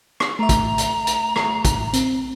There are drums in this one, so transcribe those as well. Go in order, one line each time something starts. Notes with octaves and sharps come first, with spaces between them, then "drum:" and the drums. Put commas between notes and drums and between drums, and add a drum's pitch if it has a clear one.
drum: rim click
A3 E5 A#5
drum: kick, hi-hat
drum: hi-hat
drum: hi-hat
drum: rim click
drum: kick, hi-hat
C4, drum: hi-hat